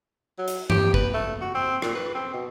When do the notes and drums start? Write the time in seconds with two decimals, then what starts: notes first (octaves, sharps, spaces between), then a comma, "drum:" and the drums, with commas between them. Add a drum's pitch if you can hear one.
0.39 F#3
0.48 drum: hi-hat
0.70 G4, drum: tom
0.94 B4, drum: kick
1.14 A3
1.41 F#4
1.55 C4
1.82 A#2, drum: rim click
1.95 B4
2.15 C4
2.33 B2